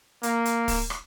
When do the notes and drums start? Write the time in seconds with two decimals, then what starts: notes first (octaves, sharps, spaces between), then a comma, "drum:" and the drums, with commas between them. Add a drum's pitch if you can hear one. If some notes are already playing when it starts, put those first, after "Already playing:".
0.23 A#3, drum: hi-hat
0.45 drum: hi-hat
0.68 drum: kick, open hi-hat
0.90 drum: rim click